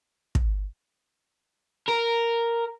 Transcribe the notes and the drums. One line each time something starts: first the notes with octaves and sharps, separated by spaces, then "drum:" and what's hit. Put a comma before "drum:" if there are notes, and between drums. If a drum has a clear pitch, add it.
drum: kick
A#4